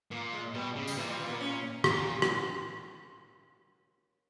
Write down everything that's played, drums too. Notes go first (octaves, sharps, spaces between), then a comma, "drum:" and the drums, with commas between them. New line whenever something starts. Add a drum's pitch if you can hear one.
A#2 A#3
G#3
B2 G3
C#3
G3, drum: tambourine
A#2 E3
G3
E3
A#3
B3
C#4
A#2, drum: rim click
drum: rim click